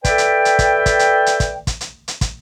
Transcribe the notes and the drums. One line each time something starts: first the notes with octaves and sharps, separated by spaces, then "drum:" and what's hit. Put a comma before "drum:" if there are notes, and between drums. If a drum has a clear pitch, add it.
A4 B4 D5 E5 G5, drum: kick, hi-hat
drum: hi-hat
drum: hi-hat
drum: kick, hi-hat
drum: kick, hi-hat
drum: hi-hat
drum: hi-hat
drum: kick, hi-hat
drum: kick, hi-hat
drum: hi-hat
drum: hi-hat
drum: kick, hi-hat